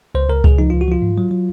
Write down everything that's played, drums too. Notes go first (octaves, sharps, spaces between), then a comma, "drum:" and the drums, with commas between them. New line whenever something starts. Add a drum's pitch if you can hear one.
C#2 C5
C#2 A#4
C#2 G#4, drum: kick
F3 D#4
C#2 F4
F#4
F3 F4
G#2
F#3
F#3